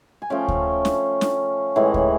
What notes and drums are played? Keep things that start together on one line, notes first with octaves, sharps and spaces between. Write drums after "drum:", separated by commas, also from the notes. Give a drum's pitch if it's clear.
G#5
F3 A3 C#4 G5
drum: kick D2
drum: snare
drum: snare
A2 E3 G#3
drum: kick D2